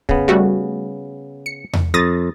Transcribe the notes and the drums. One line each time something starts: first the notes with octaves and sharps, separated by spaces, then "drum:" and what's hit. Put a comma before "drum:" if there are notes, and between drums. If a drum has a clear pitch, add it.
C#3 B3, drum: kick
G3 A3 F#4
C#7
drum: tom E2
F2 D#6 A6 A#6